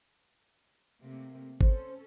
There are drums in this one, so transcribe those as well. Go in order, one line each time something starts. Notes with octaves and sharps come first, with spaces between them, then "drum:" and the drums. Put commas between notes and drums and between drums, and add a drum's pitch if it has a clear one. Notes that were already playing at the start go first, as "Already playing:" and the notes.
C3 A3 A#3
C#4 A4 C5, drum: kick G#1